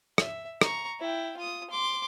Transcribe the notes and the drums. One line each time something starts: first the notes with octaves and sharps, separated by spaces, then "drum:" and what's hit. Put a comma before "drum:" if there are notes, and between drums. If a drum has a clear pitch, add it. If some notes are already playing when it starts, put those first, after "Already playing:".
E5, drum: rim click
A#5 C#6, drum: rim click
E4 G5
F4 D#6
C6 D6